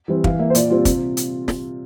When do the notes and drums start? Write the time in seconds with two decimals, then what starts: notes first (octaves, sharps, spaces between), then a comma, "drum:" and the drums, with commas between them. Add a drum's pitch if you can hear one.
0.08 E3 G3 C4
0.24 E3 F5, drum: kick
0.39 A#3 E5
0.50 C5
0.55 A#2 D5, drum: hi-hat
0.70 G3 C4 F4
0.85 C3, drum: kick, hi-hat
1.17 drum: hi-hat
1.48 drum: snare